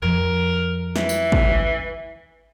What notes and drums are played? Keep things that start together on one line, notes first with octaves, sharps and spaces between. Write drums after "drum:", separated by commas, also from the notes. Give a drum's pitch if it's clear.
F2 F3 A#4
E3, drum: snare
drum: tambourine
drum: kick